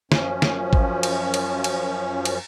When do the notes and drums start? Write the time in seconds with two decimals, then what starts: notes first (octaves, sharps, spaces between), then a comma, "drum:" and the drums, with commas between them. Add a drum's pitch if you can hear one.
0.12 F#2 F3 C#4, drum: snare
0.42 drum: snare
0.73 drum: kick
1.03 drum: cymbal
1.34 drum: cymbal
1.64 drum: cymbal
2.25 drum: cymbal